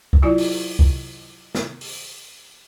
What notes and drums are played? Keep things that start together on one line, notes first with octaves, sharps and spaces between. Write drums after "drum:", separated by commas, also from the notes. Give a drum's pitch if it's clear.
drum: kick
F#3 E4 F4 D5
drum: open hi-hat
drum: kick
drum: snare
drum: open hi-hat